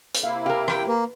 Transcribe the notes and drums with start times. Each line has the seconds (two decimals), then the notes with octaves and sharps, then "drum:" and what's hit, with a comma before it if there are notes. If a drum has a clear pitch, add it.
0.14 drum: hi-hat
0.23 C3 A#3 E4 F5
0.46 G4 A#4 F5
0.68 G5, drum: rim click
0.87 A#3 B4